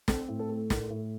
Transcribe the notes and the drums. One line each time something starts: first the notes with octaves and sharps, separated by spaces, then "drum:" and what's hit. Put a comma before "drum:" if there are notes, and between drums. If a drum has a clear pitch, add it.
C4 A4, drum: snare
A2
A4
A3
A2 A#4, drum: snare
A2